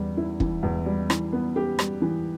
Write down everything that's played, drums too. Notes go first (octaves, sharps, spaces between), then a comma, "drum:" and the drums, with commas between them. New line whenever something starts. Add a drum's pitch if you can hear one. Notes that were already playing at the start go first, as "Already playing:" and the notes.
Already playing: E2 G3
E4
E3, drum: kick
E2
G3
E3, drum: rim click
B3
G4
G3, drum: rim click
E3